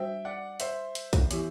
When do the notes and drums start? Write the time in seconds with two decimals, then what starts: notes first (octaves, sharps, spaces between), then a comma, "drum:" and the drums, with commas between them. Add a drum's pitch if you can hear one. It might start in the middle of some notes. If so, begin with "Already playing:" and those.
Already playing: G3 D4 F#4 C5 E5 G5
0.25 D5 F#5
0.60 C5 E5, drum: hi-hat
0.95 drum: hi-hat
1.13 drum: kick B1, hi-hat
1.31 E3 B3 E4 G4, drum: hi-hat